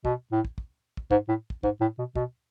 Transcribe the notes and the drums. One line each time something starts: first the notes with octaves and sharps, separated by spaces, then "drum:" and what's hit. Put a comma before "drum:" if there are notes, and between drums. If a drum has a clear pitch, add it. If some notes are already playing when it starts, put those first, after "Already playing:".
B2, drum: kick
A2
drum: kick
drum: kick
drum: kick
G#2, drum: kick
A2
drum: kick
G#2, drum: kick
A2
B2
B2, drum: kick